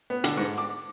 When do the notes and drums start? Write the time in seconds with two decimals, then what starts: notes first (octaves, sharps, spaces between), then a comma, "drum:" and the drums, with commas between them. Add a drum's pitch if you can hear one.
0.10 B3
0.24 D3, drum: hi-hat
0.37 G#2
0.58 D6